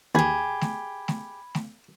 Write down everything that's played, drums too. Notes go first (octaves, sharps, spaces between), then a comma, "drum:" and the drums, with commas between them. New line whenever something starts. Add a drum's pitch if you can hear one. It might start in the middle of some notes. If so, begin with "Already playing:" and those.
D#2 G4 G#4 B5 G#6
drum: snare A3
drum: snare A3
drum: snare A3